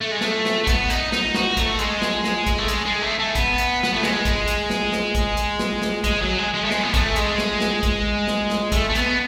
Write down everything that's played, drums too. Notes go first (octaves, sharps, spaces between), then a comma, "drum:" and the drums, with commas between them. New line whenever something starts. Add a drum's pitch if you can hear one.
A3
G#3
A3, drum: snare
drum: snare
A3
B3, drum: kick, hi-hat
D#4, drum: hi-hat
D#4, drum: snare
F#4, drum: snare
A3, drum: kick, hi-hat
G#3, drum: hi-hat
drum: snare
drum: snare
drum: kick, hi-hat
A3
G#3, drum: hi-hat
G#3
A3
A3
B3, drum: kick, hi-hat
drum: hi-hat
B3, drum: snare
A3
G#3, drum: snare
drum: kick, hi-hat
drum: hi-hat
drum: snare
drum: snare
drum: kick, hi-hat
drum: hi-hat
drum: snare
drum: snare
G#3, drum: kick, hi-hat
F#3
G#3
G#3
A3
G#3, drum: snare
B3
A3, drum: kick, hi-hat
G#3, drum: hi-hat
drum: snare
drum: snare
drum: kick, hi-hat
drum: snare
drum: snare
A3, drum: kick, hi-hat
A3
B3, drum: hi-hat